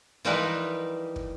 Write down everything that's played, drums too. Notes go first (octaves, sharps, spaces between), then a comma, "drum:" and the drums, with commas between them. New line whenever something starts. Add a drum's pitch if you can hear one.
E3 F3 G3 D#4 A#4 B4
drum: kick